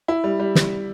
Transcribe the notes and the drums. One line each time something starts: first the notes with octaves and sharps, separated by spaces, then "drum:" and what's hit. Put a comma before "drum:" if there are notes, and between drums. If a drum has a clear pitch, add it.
E4
G3
G3
drum: snare